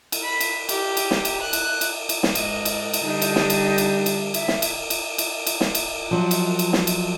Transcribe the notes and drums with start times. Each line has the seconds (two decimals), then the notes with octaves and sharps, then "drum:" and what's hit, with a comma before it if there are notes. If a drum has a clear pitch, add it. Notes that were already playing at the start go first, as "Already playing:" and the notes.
0.12 drum: cymbal
0.24 B5
0.41 drum: cymbal
0.69 G4, drum: cymbal
0.97 drum: cymbal
1.11 drum: snare
1.25 drum: cymbal
1.42 F#6
1.53 drum: cymbal
1.81 drum: cymbal
2.09 drum: cymbal
2.23 drum: snare
2.35 G#2 D#5, drum: cymbal
2.65 drum: cymbal
2.94 drum: cymbal
3.04 D3 G3 D#4
3.22 drum: cymbal
3.36 drum: snare
3.50 drum: cymbal
3.78 drum: cymbal
4.06 drum: cymbal
4.34 E5, drum: cymbal
4.48 drum: snare
4.62 drum: cymbal
4.90 drum: cymbal
5.18 drum: cymbal
5.47 drum: cymbal
5.61 drum: snare
5.75 drum: cymbal
6.11 F3 F#3
6.31 drum: cymbal
6.59 drum: cymbal
6.73 drum: snare
6.87 drum: cymbal